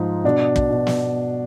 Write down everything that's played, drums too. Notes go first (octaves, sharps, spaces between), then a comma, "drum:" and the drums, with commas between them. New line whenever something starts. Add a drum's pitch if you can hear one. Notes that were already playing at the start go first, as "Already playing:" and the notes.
Already playing: G#2 F3 D#4
B2 D4
drum: kick
B2
drum: snare